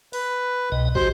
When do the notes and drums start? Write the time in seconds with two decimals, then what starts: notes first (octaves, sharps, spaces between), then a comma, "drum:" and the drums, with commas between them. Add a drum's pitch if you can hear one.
0.13 B4, drum: open hi-hat
0.72 C2 B2 D#5
0.95 F#4 G4 C5, drum: kick